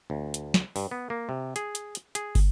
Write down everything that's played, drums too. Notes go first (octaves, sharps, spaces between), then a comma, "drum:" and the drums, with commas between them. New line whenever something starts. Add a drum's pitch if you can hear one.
D2
drum: hi-hat
drum: snare
G2, drum: open hi-hat
B3
A#3
C3
G#4, drum: hi-hat
drum: hi-hat
drum: hi-hat
G#4, drum: hi-hat
drum: kick, open hi-hat